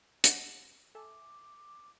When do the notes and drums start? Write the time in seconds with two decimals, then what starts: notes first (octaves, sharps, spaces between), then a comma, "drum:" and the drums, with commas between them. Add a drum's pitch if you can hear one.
0.24 F#5 D7, drum: hi-hat
0.95 A4 E5 G#5 D6